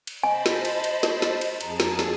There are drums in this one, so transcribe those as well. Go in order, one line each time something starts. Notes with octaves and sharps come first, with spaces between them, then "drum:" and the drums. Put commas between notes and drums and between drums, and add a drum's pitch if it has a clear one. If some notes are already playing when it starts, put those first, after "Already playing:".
drum: cymbal
C5 D#5 G#5 A5 B5
drum: snare
drum: cymbal
drum: cymbal
drum: snare
drum: snare
drum: cymbal
F2 G#4 A5 A#5, drum: cymbal
drum: snare
drum: snare